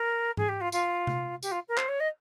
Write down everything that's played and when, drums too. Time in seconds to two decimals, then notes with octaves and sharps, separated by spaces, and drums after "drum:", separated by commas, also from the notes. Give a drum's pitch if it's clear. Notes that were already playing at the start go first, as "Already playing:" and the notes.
Already playing: A#4
0.37 G#4, drum: tom G#2
0.49 G4
0.61 F4
0.72 F4, drum: tambourine
1.07 drum: tom C3
1.43 G4, drum: tambourine
1.51 F4
1.68 A#4
1.77 C5, drum: clap
1.88 C#5
2.00 D#5